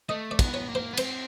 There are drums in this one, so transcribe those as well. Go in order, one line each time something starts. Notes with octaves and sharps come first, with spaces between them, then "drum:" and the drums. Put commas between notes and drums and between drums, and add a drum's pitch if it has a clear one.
A3 D#5
D5
B3, drum: kick, cymbal
C#5
A#3
C5
B3
C4 C5, drum: cymbal